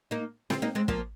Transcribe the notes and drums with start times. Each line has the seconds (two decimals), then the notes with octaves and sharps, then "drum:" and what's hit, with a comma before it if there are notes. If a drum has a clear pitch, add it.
0.11 A#3 D#4
0.50 C4 F4, drum: snare C4
0.62 A#3 D#4
0.75 G#3 C4
0.88 F3 A#3, drum: kick